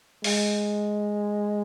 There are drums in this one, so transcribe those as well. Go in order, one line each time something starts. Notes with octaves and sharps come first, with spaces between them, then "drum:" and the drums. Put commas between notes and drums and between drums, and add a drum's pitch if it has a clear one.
G#3, drum: open hi-hat